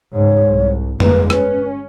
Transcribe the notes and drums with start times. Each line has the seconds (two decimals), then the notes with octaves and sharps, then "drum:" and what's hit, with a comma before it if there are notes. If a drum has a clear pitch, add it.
0.13 C#2 G#2 C#5
0.48 C2
1.00 G1 G#3 A#3 B4, drum: tom F2
1.30 C#4 B4, drum: rim click